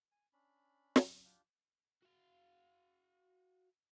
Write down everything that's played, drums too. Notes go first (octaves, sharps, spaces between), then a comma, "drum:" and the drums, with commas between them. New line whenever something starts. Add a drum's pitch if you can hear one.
G#5
C#4 D4 B5
F#3, drum: snare
D4 F4 G4
F#4 F5